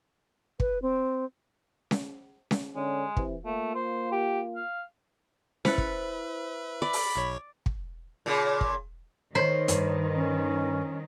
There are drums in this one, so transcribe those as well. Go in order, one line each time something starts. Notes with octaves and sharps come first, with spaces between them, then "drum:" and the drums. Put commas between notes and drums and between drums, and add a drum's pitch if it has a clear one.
B4, drum: kick
C4
drum: snare C#4
drum: snare C#4
D3 G#3 C#4
C3 E3, drum: kick
A3 A#3 F4
C5
G4
F5
E4 B4 C5 E5 B5, drum: snare C#4
drum: kick
D5 B5
drum: open hi-hat
B1 C#5
drum: kick
A#2 C#3
drum: kick
D#3 C5 C#5 B5
G2, drum: hi-hat
C#4